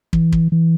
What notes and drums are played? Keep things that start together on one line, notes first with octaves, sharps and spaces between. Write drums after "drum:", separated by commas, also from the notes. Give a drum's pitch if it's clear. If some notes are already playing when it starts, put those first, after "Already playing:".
E3, drum: kick
drum: kick
E3